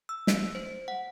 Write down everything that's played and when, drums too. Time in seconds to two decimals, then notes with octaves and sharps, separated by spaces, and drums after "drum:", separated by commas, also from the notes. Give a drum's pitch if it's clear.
0.09 E6
0.27 drum: snare
0.55 C5
0.88 F#5